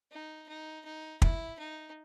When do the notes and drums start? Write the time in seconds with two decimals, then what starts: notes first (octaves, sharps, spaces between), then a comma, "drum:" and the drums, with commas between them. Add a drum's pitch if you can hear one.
0.12 D#4
0.48 D#4
0.85 D#4
1.22 E4, drum: kick
1.59 D#4